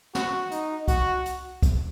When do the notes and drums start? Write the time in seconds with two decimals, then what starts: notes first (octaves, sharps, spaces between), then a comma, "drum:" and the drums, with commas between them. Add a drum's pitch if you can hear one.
0.15 F#4, drum: snare
0.51 D#4, drum: hi-hat
0.88 F#4, drum: kick, hi-hat
1.25 drum: hi-hat
1.63 drum: kick, hi-hat